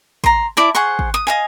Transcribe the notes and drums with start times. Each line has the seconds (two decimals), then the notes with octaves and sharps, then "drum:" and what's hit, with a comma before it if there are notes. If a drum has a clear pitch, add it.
0.24 A#5 C6, drum: kick
0.57 E4 D5 A5
0.75 G#4 C5 F#5 C#6
0.99 drum: kick
1.14 D#6
1.27 D#5 F5 G#5